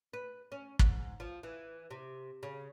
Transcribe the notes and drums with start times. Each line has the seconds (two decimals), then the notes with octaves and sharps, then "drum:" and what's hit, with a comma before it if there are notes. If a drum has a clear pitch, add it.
0.13 B4
0.52 C#4
0.79 G#2, drum: kick
1.20 F3
1.43 E3
1.91 C3
2.43 C#3